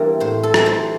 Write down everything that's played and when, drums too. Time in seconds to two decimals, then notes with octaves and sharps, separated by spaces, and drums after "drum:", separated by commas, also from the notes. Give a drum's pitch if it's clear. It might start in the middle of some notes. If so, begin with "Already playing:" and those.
Already playing: E3 G3 A#3 C4 D4 A#4
0.20 A2 C5
0.43 A4
0.54 E3 G3, drum: rim click
0.66 C5